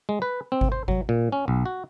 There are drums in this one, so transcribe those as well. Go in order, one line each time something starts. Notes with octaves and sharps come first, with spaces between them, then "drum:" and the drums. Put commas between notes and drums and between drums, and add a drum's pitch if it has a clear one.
G#3
B4
C4
drum: kick G#1
C5
F#3, drum: kick G#1
A#2
C#4
B1
F#4